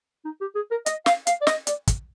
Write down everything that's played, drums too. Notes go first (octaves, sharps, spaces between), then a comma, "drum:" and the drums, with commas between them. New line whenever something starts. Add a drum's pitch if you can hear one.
D#4
G4
G#4
A#4
D#5, drum: hi-hat
F5, drum: snare
F5, drum: hi-hat
D5
D#5, drum: snare
D5, drum: hi-hat
drum: kick, hi-hat